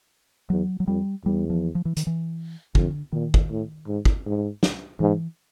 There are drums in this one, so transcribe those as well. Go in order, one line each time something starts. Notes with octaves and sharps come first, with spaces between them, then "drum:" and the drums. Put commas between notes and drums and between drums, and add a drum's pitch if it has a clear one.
E2 F#3
F#3
F2 G3
E2 G3
F3
F3
E3
D#3, drum: hi-hat
E3
F2 D3, drum: kick
A#2 D#3
drum: kick
A2
G#2
drum: kick
G#2
drum: snare
G#2 E3